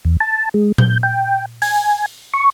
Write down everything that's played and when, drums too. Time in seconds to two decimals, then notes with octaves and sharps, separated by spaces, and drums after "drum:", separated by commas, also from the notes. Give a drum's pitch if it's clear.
0.05 E2
0.20 A5
0.54 G#3
0.78 G6, drum: tom A#2
1.03 G5
1.62 G#5, drum: open hi-hat
2.34 C#6